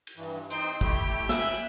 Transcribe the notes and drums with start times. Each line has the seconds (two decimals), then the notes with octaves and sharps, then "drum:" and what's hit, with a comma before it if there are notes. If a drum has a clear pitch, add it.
0.07 drum: cymbal
0.17 G2 E3
0.51 C4 D#4 C5 G5, drum: hi-hat
0.81 A3 E4 G4, drum: kick
1.29 E5 G#5 F#6, drum: snare